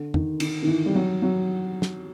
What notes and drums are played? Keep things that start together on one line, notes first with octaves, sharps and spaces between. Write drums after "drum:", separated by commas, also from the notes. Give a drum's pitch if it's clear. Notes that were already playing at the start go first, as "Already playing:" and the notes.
Already playing: D3
D#3, drum: tom
D#3, drum: cymbal
D#3
E3
G3
F#3
F#3
drum: snare